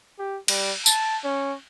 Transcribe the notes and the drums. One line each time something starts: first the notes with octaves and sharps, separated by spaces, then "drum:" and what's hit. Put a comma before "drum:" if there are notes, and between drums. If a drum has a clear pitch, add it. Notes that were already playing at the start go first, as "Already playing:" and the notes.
G4
G3, drum: cymbal
A5, drum: tambourine
C#4